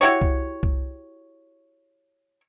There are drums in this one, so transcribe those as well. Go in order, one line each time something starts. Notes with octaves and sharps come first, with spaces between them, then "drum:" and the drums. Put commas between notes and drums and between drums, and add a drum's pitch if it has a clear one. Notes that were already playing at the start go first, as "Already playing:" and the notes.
E4 F#4 G4 C#5
drum: kick C2
drum: kick C2